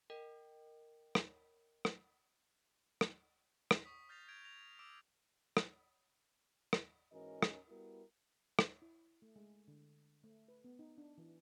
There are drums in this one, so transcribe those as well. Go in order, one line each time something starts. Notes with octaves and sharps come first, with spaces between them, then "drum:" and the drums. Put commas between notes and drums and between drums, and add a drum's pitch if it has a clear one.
A#4 D#5 G5
drum: rim click
drum: rim click
drum: rim click
drum: rim click
C#6 D#6 B6
F6 G6 A6 A#6 C7 F7
G6 G#6 D7 F7
A#6 F7
D6 E6 B6 D7
drum: rim click
drum: rim click
G#2 E3 C#4 F#4 A#4 D#5
drum: rim click
G3 B3 E4 F#4 A#4
drum: rim click
E4
A3
G#3
D3
A3
B4
B3
D#4
D4
E3